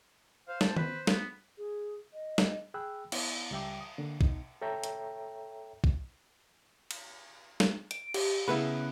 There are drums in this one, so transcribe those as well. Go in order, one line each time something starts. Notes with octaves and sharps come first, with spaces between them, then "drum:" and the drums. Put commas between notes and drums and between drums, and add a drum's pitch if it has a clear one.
C5 F5
A5, drum: snare
B4, drum: tom D#3
B3, drum: snare
G#4
D#5
drum: snare
G#4 G5 B5 E6 F#6
B3 E4, drum: cymbal
C#2 G3 E5 G5 D6
D#6
D3 A#3 D4
B2 D#4, drum: kick
A4 C#5 E5 G5 A#5
drum: hi-hat
drum: kick
drum: cymbal
drum: snare
D7, drum: hi-hat
G4, drum: cymbal
C#3 B3 E4 B5 F#6